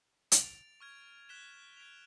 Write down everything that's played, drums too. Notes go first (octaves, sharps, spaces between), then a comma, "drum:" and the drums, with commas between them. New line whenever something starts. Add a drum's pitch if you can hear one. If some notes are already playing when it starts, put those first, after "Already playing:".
A6 D7 F7, drum: hi-hat
C#6 F6 G#6
F#6 B6 E7 G7
G#6 B6 D7 F7